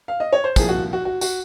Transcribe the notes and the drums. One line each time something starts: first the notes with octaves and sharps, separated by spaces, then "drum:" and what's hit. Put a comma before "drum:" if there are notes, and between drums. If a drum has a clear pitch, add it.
F5
D#5
C#5
C5
C2 A#2 F3 G#4, drum: kick, tambourine
F#4
F#4
F#4
F#4, drum: tambourine